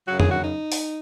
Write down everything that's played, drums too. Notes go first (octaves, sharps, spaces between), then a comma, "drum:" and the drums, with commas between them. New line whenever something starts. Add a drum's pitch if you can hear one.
F#2 C#3 F#3 F#4
G#4, drum: tom
F#4
D#4
drum: open hi-hat